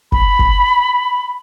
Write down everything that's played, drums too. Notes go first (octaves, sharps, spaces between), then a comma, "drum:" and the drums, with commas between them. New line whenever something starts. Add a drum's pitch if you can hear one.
B5, drum: kick
drum: kick